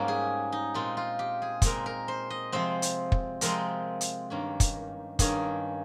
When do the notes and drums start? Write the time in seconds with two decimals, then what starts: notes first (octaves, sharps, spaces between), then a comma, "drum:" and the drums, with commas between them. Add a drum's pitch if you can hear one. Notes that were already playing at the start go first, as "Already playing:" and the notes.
Already playing: G#2 G3 A#3 C#4 F4 A#4
0.08 G#4
0.52 D#4
0.74 A#2 G#3 C4 F4
0.97 F4
1.19 G4
1.42 G#4
1.62 A#2 G#3 C4 A#4, drum: kick, hi-hat
1.86 A#4
2.08 C5
2.30 D#5
2.52 C3 F3 G#3 C4 C5
2.82 drum: hi-hat
3.12 drum: kick
3.41 C3 F3 G#3 C4 A#4, drum: hi-hat
4.01 drum: hi-hat
4.30 G2 D#3 A#3 C#4
4.60 drum: kick, hi-hat
5.19 G2 D#3 A#3 C#4 G#4, drum: kick, hi-hat